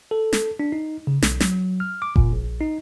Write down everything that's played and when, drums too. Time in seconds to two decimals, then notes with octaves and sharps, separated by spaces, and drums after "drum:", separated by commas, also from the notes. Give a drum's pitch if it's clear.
0.11 A4
0.33 drum: snare
0.60 D4
0.72 D#4
1.07 C#3
1.22 B1, drum: snare
1.40 F#3, drum: snare
1.80 F6
2.02 D6
2.16 A#2, drum: kick F#1
2.32 A#1
2.61 D#4